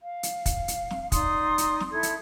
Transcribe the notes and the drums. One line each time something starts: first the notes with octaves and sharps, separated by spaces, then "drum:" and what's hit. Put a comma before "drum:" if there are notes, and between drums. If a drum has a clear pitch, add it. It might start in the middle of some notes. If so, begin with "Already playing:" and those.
F5
drum: hi-hat
drum: kick, hi-hat
drum: hi-hat
drum: snare
D#4 D5 C6 D#6, drum: kick, hi-hat
drum: hi-hat
drum: snare
E4 A4 G#6
drum: hi-hat